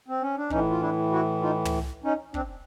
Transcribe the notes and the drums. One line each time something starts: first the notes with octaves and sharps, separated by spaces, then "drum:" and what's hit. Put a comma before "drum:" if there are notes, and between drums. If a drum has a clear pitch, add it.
C4
C#4
D4
A2 E3 C#4 D#4, drum: kick
F4
D4 E4
E4 F#4
D#4 F4
drum: tom
C#4 D#4
C4 D4, drum: kick